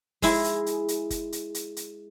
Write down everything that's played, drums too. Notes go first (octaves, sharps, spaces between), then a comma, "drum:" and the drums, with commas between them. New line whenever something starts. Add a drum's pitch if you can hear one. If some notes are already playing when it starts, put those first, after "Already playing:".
G#3 E4 G#4, drum: kick F#1, open hi-hat
drum: hi-hat
drum: hi-hat
drum: hi-hat
drum: kick F#1, hi-hat
drum: hi-hat
drum: hi-hat
drum: hi-hat